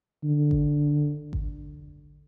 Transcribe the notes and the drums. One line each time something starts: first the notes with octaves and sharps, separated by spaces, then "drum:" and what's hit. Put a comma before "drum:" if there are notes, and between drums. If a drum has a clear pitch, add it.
D3
drum: kick G#1
drum: kick G#1